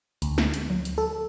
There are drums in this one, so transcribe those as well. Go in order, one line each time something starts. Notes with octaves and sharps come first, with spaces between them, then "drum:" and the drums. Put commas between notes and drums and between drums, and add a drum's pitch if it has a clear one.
D2, drum: hi-hat
drum: snare
drum: hi-hat
drum: tom F3
drum: hi-hat
A4